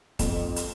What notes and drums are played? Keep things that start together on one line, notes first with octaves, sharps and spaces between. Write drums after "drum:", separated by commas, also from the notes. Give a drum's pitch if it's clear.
F2, drum: kick, hi-hat
drum: hi-hat